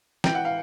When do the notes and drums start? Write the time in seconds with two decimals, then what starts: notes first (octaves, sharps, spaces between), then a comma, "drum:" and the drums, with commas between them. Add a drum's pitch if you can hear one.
0.24 E3 G5, drum: snare
0.35 F#5
0.45 F5